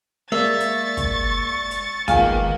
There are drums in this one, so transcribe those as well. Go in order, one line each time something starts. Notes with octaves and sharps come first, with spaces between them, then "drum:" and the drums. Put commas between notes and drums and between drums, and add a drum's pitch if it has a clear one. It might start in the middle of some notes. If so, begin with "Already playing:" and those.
G#3 A#3 D5 E5 C#6 A6
drum: hi-hat
drum: kick, hi-hat
drum: hi-hat
D#3 G#3 A#3 B3 F4 F5 G#5, drum: kick, hi-hat